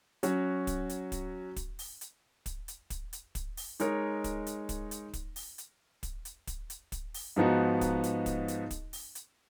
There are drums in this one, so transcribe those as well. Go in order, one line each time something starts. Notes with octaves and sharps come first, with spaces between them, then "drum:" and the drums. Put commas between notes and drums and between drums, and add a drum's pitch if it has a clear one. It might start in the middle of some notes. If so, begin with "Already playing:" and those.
F#3 C#4 F#4, drum: hi-hat
drum: kick, hi-hat
drum: hi-hat
drum: kick, hi-hat
drum: kick, hi-hat
drum: open hi-hat
drum: hi-hat
drum: kick, hi-hat
drum: hi-hat
drum: kick, hi-hat
drum: hi-hat
drum: kick, hi-hat
drum: open hi-hat
G#3 D#4 A#4 C#5, drum: hi-hat
drum: kick, hi-hat
drum: hi-hat
drum: kick, hi-hat
drum: hi-hat
drum: kick, hi-hat
drum: open hi-hat
drum: hi-hat
drum: kick, hi-hat
drum: hi-hat
drum: kick, hi-hat
drum: hi-hat
drum: kick, hi-hat
drum: open hi-hat
G#2 F3 B3 D#4 F#4
drum: kick, hi-hat
drum: hi-hat
drum: kick, hi-hat
drum: hi-hat
drum: kick, hi-hat
drum: open hi-hat
drum: hi-hat